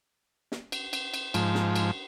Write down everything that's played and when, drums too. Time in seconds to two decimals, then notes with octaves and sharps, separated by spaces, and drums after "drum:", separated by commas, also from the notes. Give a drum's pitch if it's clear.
0.52 drum: snare
0.72 drum: cymbal
0.93 drum: cymbal
1.14 drum: cymbal
1.34 G#2 F3, drum: cymbal
1.55 drum: snare
1.75 drum: cymbal